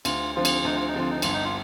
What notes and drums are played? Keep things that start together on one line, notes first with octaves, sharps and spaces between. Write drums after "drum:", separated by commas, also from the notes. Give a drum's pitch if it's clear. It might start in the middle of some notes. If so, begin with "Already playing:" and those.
D2 F4, drum: cymbal
D3 F3 C4 F4
drum: cymbal
D2 D#4
F4
D#4
D3 F3 C4 F4
D#4
G1 F4, drum: cymbal
D#4
F4